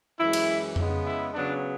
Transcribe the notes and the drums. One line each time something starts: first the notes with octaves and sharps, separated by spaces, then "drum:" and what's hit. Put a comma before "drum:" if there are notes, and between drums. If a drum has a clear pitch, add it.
F#2 E3 G#3 E4
drum: cymbal
C#3 G#3 B3, drum: tom F2
E4
C#3 F#3 B3 D4